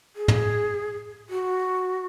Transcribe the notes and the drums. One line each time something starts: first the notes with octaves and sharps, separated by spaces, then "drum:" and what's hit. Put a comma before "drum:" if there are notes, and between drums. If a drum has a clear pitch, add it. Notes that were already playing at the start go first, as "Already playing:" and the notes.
G#4
drum: tom
F#4